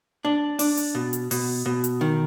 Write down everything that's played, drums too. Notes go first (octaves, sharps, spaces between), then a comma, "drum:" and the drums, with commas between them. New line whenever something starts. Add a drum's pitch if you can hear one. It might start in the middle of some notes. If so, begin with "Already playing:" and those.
D4
D4, drum: open hi-hat
drum: hi-hat
B2
drum: hi-hat
B2, drum: open hi-hat
B2
drum: hi-hat
D#3